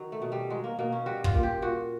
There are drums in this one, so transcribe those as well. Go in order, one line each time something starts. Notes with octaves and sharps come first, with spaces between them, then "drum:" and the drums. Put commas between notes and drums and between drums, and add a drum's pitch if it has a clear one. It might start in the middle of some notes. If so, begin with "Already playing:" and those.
Already playing: D#3 F#3
A3
B2
G3
F#3 G#3
A#3
B2 A#3
C#4
G3 F#4
F4, drum: kick
A#2
G4
A#2 F#4